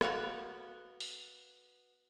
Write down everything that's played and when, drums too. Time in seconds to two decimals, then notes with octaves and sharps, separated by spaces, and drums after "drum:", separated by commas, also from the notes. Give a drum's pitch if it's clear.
0.01 B3 F#4 F5 F#5, drum: rim click
1.00 drum: open hi-hat